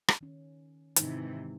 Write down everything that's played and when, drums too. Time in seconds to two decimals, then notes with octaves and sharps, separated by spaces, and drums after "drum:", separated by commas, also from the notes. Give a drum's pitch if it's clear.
0.08 drum: rim click
0.21 D#3 C#4
0.96 G#2 C3 D#3 E3 G#3 D#4, drum: hi-hat